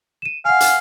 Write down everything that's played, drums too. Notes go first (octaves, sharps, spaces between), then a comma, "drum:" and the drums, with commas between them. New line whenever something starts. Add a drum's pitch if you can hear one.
D#7 E7
F5 F#5 G#5
drum: hi-hat